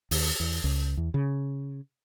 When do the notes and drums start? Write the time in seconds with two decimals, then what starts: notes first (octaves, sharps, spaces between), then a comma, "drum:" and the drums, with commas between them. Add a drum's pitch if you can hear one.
0.11 D#2, drum: open hi-hat
0.40 E2
0.64 C#2
0.97 E2
1.14 C#3